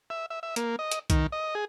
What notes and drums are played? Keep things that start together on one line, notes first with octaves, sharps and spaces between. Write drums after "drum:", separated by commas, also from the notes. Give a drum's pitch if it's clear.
E5
E5
E5
A#3, drum: hi-hat
D#5
drum: hi-hat
D#3, drum: kick, hi-hat
D#5
G#4